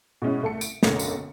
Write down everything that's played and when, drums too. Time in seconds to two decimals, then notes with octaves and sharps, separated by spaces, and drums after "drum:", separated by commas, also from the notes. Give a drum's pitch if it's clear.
0.22 B2 G#3 C#4 E4
0.42 C2 A3 A4 C#7
0.61 D7, drum: tambourine
0.83 F#1 B1 D3 A#3 C#7, drum: snare
0.99 drum: tambourine